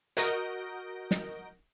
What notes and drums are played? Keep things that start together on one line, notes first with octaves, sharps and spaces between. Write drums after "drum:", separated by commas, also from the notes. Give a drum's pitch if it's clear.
F#4 A#4 D#5 G6 A#6 D7, drum: hi-hat
drum: snare